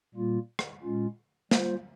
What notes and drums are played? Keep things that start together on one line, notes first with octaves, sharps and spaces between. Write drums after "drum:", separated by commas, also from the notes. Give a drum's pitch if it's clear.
A#2 G3 A#3 F4
drum: rim click
A#2 G#3 C#4 F4
G3 A#3 F4 C5, drum: snare